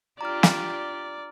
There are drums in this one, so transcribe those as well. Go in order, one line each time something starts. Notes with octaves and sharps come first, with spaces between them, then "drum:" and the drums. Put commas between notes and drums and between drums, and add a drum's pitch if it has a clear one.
D4 F4 G4 D5 A#5 F6
drum: snare